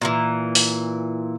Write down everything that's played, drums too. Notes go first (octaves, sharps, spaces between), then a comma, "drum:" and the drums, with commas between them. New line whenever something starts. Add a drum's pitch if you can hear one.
A#2 D3 E3
drum: open hi-hat